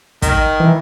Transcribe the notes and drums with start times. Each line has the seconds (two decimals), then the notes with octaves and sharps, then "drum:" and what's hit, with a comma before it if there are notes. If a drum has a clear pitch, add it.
0.22 D#3, drum: kick, hi-hat
0.60 E3